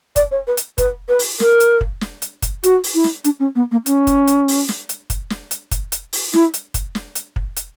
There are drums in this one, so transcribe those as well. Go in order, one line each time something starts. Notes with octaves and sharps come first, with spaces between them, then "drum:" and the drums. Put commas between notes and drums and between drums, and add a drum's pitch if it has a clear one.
D5, drum: kick, hi-hat
C#5
B4
drum: hi-hat
B4, drum: kick, hi-hat
B4
drum: open hi-hat
A#4, drum: snare
drum: hi-hat
drum: kick
drum: snare
drum: hi-hat
drum: kick, hi-hat
F#4, drum: hi-hat
drum: open hi-hat
E4
drum: snare
D4, drum: hi-hat
C#4
B3
A#3
C#4, drum: hi-hat
drum: kick, hi-hat
drum: hi-hat
drum: open hi-hat
drum: snare
drum: hi-hat
drum: kick, hi-hat
drum: snare
drum: hi-hat
drum: kick, hi-hat
drum: hi-hat
drum: open hi-hat
E4, drum: snare
drum: hi-hat
drum: kick, hi-hat
drum: snare
drum: hi-hat
drum: kick
drum: hi-hat